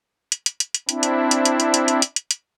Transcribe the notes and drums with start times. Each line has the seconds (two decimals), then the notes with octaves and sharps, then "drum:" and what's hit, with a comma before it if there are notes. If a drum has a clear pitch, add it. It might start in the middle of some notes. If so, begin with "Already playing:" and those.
0.32 drum: hi-hat
0.46 drum: hi-hat
0.60 drum: hi-hat
0.75 drum: hi-hat
0.89 C4 D4 E4, drum: hi-hat
1.03 drum: hi-hat
1.31 drum: hi-hat
1.45 drum: hi-hat
1.60 drum: hi-hat
1.74 drum: hi-hat
1.88 drum: hi-hat
2.02 drum: hi-hat
2.16 drum: hi-hat
2.31 drum: hi-hat